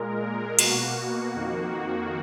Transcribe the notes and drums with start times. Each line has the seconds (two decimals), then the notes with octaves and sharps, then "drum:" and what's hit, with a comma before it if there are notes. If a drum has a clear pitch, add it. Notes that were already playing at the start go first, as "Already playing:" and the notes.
Already playing: A#2 G#3 A#4
0.59 B2 A#3 F#4, drum: cymbal
0.96 F#4
1.34 F2 D#3 A#3 F#4
1.72 F#4